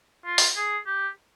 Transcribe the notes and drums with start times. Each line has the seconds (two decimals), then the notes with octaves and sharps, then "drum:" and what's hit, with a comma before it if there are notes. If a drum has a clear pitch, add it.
0.26 F4
0.38 drum: open hi-hat
0.56 G#4
0.87 G4